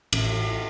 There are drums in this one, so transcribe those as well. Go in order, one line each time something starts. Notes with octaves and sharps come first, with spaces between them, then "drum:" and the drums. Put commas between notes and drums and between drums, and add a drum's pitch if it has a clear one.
A1, drum: cymbal